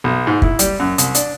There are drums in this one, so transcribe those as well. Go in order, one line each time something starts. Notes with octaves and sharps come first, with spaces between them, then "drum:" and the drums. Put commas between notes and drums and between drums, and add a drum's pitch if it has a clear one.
B1
G#2
E4, drum: kick
G3, drum: hi-hat
F#2
C2, drum: hi-hat
D4, drum: hi-hat